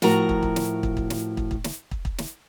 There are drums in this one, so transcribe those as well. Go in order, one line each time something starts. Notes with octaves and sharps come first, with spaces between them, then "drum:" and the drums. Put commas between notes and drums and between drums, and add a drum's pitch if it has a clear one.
A2 F3 F#4 A#4 A#5, drum: snare
drum: kick
drum: kick
drum: snare
drum: kick
drum: kick
drum: snare
drum: kick
drum: kick
drum: snare
drum: kick
drum: kick
drum: snare